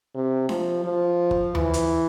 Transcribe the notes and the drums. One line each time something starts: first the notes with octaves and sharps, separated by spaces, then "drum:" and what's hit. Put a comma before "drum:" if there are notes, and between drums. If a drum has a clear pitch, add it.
C3
F3, drum: snare D4
F3
drum: kick G1
E3, drum: tom D#2
drum: hi-hat